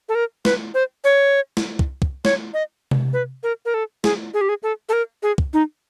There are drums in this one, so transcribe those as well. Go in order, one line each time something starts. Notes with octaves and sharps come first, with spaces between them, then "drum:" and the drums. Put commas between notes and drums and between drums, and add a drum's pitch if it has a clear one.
A4
A#4
B4, drum: snare
C5
C#5
drum: snare
drum: kick
drum: kick
C#5, drum: snare
D#5
drum: tom C3
B4
A#4
A#4
A4
G#4, drum: snare
G#4
G4
G#4
A4
A4
A#4
G#4
drum: kick
D#4